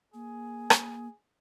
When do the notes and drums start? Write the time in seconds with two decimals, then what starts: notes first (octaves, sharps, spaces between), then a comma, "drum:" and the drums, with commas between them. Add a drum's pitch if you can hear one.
0.14 A#3 G#4
0.70 drum: rim click